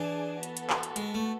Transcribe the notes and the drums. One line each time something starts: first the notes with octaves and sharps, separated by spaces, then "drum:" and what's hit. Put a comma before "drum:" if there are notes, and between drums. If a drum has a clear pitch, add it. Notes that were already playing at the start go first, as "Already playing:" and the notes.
Already playing: E3 D4 G#4 D5 A5
B3 F#4 A4, drum: hi-hat
drum: hi-hat
drum: clap
drum: hi-hat
G#3, drum: hi-hat
A3